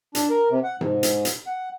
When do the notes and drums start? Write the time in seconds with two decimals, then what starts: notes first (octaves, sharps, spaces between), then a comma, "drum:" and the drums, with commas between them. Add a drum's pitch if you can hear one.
0.15 D4, drum: hi-hat
0.30 A#4
0.50 C3
0.64 F#5
0.81 G#2, drum: tom C3
1.03 drum: hi-hat
1.25 drum: hi-hat
1.47 F#5